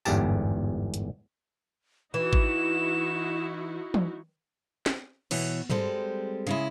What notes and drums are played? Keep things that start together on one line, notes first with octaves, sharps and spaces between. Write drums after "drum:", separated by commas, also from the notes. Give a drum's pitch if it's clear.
G1 E2 G#2 G4 A5, drum: tambourine
drum: hi-hat
E3 D#4 E4 F#4 E7
drum: kick G#1
drum: tom
drum: snare
B2 E3 C#5, drum: cymbal
G3 G#3 C4 A4, drum: tom
C#3 G#3 E4